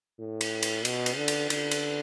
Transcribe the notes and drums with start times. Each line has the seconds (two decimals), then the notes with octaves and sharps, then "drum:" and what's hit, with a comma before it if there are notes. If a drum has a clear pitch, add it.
0.19 A2
0.41 drum: cymbal
0.62 drum: cymbal
0.85 B2, drum: cymbal
1.06 drum: cymbal
1.17 D3
1.28 drum: cymbal
1.50 D3, drum: cymbal
1.71 drum: cymbal